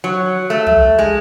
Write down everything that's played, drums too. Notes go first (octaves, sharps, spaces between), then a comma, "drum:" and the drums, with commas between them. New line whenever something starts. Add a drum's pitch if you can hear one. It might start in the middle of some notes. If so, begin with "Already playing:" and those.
F#3
A3
drum: tom
G#3